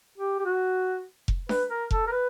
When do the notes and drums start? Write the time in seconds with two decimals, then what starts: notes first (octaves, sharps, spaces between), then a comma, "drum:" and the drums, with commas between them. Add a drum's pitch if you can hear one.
0.18 G4
0.39 G4
0.45 F#4
1.28 drum: kick F1
1.49 B4, drum: snare D4
1.70 A#4
1.91 A4, drum: kick F1
2.07 A#4
2.11 B4